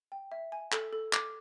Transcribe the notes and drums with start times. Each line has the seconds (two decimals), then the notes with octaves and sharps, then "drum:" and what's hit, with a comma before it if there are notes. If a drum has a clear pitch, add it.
0.12 G5
0.32 E5
0.52 G#5
0.72 A4, drum: clap
0.93 A4
1.13 D6, drum: clap